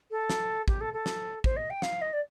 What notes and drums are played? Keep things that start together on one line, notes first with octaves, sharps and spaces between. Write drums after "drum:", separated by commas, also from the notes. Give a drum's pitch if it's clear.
A4
drum: snare
G4, drum: kick
A4
A4
drum: snare
C5, drum: kick
D#5
G5
F5, drum: snare
D#5
D5